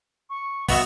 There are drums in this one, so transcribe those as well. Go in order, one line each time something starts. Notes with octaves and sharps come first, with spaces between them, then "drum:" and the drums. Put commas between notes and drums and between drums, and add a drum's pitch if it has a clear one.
C#6
B3 F#4 D#5 E5, drum: kick, open hi-hat